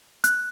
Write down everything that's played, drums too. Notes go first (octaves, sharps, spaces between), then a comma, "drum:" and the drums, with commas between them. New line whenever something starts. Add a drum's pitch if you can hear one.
F#6, drum: hi-hat